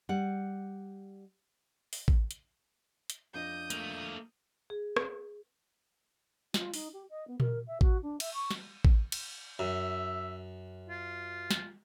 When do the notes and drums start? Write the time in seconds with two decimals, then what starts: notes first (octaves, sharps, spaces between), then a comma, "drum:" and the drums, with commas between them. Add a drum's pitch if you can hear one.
0.09 G3 F#5
1.93 drum: open hi-hat
2.08 drum: kick A1
2.31 drum: hi-hat
3.10 drum: hi-hat
3.34 F2 D4 D#5 D#6 G6
3.70 A3 A#3, drum: hi-hat
4.70 G#4
4.96 drum: rim click
6.54 F4, drum: snare
6.74 D#4, drum: open hi-hat
6.93 G4
7.10 D#5
7.28 B3
7.40 A#4, drum: tom A#2
7.67 E5
7.81 F#4, drum: kick A1
8.03 D4
8.20 E5, drum: cymbal
8.34 C#6
8.51 drum: snare
8.85 drum: kick A1
9.12 drum: cymbal
9.59 F#2 E5
10.89 F4
11.51 drum: snare